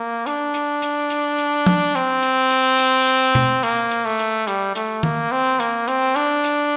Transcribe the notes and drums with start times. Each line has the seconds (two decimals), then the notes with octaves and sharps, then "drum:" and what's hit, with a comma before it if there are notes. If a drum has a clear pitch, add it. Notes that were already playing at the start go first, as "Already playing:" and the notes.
Already playing: A#3
0.26 D4, drum: hi-hat
0.54 drum: hi-hat
0.82 drum: hi-hat
1.10 drum: hi-hat
1.38 drum: hi-hat
1.66 drum: tom
1.95 C4, drum: hi-hat
2.23 drum: hi-hat
2.51 drum: hi-hat
2.79 drum: hi-hat
3.07 drum: hi-hat
3.35 drum: tom B2
3.63 A#3, drum: hi-hat
3.91 drum: hi-hat
4.05 A3
4.19 drum: hi-hat
4.47 G3, drum: hi-hat
4.75 A3, drum: hi-hat
5.03 A#3, drum: tom D#3
5.32 C4
5.60 A#3, drum: hi-hat
5.88 C4, drum: hi-hat
6.16 D4, drum: hi-hat
6.44 drum: hi-hat